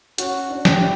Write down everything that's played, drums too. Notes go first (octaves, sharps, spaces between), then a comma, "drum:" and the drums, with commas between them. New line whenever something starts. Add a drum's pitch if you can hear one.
C#4 F#4, drum: hi-hat
D4
G4, drum: snare
D4
E4